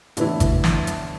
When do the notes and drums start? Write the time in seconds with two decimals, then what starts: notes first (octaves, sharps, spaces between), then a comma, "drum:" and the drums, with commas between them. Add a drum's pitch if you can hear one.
0.17 A2 D3 E3 B3 E4, drum: hi-hat
0.40 drum: kick G#1, hi-hat
0.64 drum: snare
0.87 drum: hi-hat